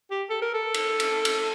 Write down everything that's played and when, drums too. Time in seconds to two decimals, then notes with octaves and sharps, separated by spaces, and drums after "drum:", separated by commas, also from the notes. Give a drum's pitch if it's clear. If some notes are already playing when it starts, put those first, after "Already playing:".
0.11 G4
0.30 A4
0.42 A#4
0.54 A4
0.74 drum: cymbal
1.00 drum: cymbal
1.25 drum: cymbal